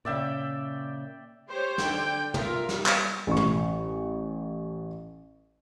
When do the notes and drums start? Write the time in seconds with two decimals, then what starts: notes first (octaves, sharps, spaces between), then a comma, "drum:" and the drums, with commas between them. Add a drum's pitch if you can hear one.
0.05 A#2 C#3 D5 E5 G5
1.49 G4 C5 C#5
1.78 D3 G5, drum: snare
2.34 F4 A#4 E5, drum: tom
2.69 G3, drum: snare
2.86 drum: clap
3.27 A1 C#6
3.37 drum: tom